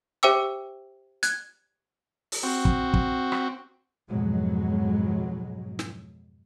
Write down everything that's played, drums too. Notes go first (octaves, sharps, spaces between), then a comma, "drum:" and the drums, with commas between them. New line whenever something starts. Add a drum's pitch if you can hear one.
G4 C5 E5 G5 D6 E6
F#6 G#6, drum: hi-hat
drum: open hi-hat
C4 F#4
drum: kick
drum: kick
drum: rim click
F2 G#2 B2 F#3 G#3
drum: snare